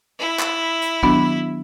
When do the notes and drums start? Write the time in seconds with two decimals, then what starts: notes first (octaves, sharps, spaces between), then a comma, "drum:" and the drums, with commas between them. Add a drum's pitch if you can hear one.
0.19 E4
0.39 drum: clap
0.82 drum: hi-hat
1.03 D#3 F#3 B3 D4 F#4, drum: kick